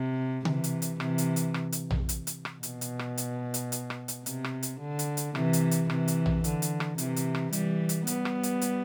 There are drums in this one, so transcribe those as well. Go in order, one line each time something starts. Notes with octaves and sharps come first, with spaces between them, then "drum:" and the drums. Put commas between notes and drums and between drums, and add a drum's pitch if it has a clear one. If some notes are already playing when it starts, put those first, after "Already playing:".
Already playing: C3
C3 E3, drum: tom C#3
drum: hi-hat
drum: hi-hat
C3 E3, drum: rim click
drum: hi-hat
drum: hi-hat
drum: rim click
drum: hi-hat
drum: tom A#1
drum: hi-hat
drum: hi-hat
drum: rim click
B2, drum: hi-hat
drum: hi-hat
drum: rim click
drum: hi-hat
drum: hi-hat
drum: hi-hat
drum: rim click
drum: hi-hat
C3, drum: hi-hat
drum: rim click
drum: hi-hat
D3
drum: hi-hat
drum: hi-hat
C3 E3, drum: rim click
drum: hi-hat
drum: hi-hat
C3 E3, drum: rim click
drum: hi-hat
drum: tom A#1
D3, drum: hi-hat
drum: hi-hat
drum: rim click
C3 E3, drum: hi-hat
drum: hi-hat
drum: rim click
E3 G3, drum: hi-hat
drum: hi-hat
G3 B3, drum: hi-hat
drum: rim click
drum: hi-hat
drum: hi-hat